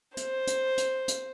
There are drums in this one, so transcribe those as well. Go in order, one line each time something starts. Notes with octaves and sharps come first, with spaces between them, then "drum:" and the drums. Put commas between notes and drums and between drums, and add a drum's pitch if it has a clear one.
C5, drum: hi-hat
drum: hi-hat
drum: hi-hat
drum: hi-hat